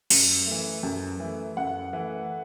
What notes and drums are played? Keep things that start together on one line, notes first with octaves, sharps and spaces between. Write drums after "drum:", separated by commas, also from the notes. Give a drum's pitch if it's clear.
F#2, drum: open hi-hat
A3
E3
F#2
E3 A3
F#2 F#5
E3 A3